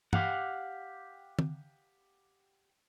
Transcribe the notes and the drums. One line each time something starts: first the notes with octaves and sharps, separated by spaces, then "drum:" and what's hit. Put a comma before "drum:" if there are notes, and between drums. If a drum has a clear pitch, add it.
G4 F5 F#5, drum: tom
drum: tom